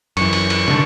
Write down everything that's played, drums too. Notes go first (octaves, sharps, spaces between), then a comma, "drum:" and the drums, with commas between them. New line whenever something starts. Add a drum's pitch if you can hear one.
F#2 E3 C#6, drum: cymbal
drum: cymbal
drum: cymbal
D3 D4, drum: snare